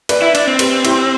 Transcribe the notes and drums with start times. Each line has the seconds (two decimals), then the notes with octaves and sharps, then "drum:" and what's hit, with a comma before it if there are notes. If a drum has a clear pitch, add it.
0.09 B4 D5, drum: cymbal
0.22 E4
0.35 D4, drum: cymbal
0.47 C4
0.59 G4 B4, drum: cymbal
0.85 E4 G4, drum: cymbal